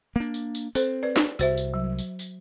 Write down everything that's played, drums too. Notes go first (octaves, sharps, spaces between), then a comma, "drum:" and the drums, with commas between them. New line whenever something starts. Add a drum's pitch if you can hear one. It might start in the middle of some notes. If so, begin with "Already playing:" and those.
A#3 D4
drum: tambourine
drum: tambourine
C4 A4 C5, drum: tambourine
B4 D5
drum: snare
C2 F#4 C5 E5, drum: tambourine
drum: tambourine
F#3
drum: tambourine
drum: tambourine